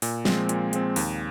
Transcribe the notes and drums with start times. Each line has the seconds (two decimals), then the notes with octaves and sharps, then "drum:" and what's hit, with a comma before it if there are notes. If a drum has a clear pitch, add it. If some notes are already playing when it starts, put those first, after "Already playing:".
0.02 A#2, drum: open hi-hat
0.25 F3 G#3 C4, drum: snare
0.49 A#2, drum: hi-hat
0.73 F3 G#3 C4, drum: hi-hat
0.96 D#2, drum: open hi-hat